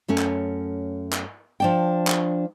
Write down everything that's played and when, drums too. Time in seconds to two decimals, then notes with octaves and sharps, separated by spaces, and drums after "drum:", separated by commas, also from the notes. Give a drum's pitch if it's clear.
0.08 F#2 A3 C#4
0.18 drum: clap
1.13 drum: clap
1.60 F3 D4 G5
2.07 drum: clap